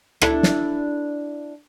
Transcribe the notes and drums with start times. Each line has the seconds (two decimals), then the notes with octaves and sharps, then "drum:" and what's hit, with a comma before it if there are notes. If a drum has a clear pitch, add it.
0.22 D4 E4 A4, drum: rim click
0.43 drum: snare